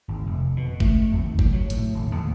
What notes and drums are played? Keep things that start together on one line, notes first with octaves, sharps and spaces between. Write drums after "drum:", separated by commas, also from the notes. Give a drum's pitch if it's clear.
G#1
F1
B2
A3, drum: kick G1
F2
D#2
G3, drum: kick G1
F#3
A2, drum: hi-hat
D#1
D#2